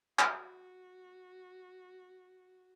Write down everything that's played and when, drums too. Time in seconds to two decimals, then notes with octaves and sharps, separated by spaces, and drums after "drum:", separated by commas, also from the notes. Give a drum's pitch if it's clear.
0.19 F#4, drum: clap